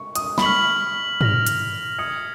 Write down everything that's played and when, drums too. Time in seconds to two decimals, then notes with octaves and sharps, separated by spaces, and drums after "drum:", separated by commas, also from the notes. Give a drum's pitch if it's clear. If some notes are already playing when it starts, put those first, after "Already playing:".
Already playing: C#6
0.15 D#6, drum: hi-hat
0.38 B5, drum: snare
0.42 C#6 F6 B6 F#7
1.21 F6 A#6 F7, drum: tom G2
1.47 drum: hi-hat
1.98 D#6 F6 G#6 C#7